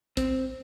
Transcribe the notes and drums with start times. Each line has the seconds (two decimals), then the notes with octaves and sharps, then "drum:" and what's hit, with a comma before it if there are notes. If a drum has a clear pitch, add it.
0.17 C4, drum: kick, hi-hat